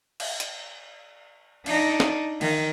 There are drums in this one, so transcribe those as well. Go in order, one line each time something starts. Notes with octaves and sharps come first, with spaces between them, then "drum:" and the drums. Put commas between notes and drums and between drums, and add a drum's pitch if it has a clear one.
drum: cymbal
drum: hi-hat
D4 D#4, drum: cymbal
drum: snare
D#3, drum: cymbal